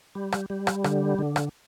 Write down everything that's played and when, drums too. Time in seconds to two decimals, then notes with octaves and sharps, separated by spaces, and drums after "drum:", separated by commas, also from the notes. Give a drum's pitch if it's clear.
0.15 G3
0.32 drum: rim click
0.50 G3
0.67 drum: rim click
0.84 D3, drum: rim click
1.19 D3
1.36 drum: rim click